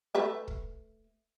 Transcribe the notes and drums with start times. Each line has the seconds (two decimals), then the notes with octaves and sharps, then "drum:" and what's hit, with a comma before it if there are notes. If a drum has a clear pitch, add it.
0.15 A3 B4 E5
0.48 drum: kick